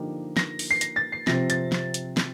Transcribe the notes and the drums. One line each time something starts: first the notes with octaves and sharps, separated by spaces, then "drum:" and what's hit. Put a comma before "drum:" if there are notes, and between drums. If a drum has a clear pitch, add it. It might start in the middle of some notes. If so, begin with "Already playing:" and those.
Already playing: D3 F3 A#3 D#4 G4
A#6, drum: snare
drum: open hi-hat
C7
A#6, drum: hi-hat
A6
C7
C3 F3 C4 A#6, drum: snare
A6, drum: hi-hat
drum: snare
drum: hi-hat
drum: snare